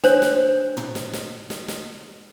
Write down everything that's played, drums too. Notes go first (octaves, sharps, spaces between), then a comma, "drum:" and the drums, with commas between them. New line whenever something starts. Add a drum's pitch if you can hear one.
D4 C5 C#5, drum: snare
drum: snare
drum: tom
drum: snare
drum: snare
drum: snare
drum: snare